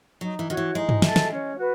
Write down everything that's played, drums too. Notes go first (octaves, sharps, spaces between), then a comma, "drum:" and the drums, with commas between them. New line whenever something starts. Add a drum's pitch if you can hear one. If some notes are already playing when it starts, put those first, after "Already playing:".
F#3 D#4
E3
D#3 F#4 C#5
E3
G#3 D#4
drum: tom G2
A4 E5, drum: snare
drum: snare
C#4
F#4 B4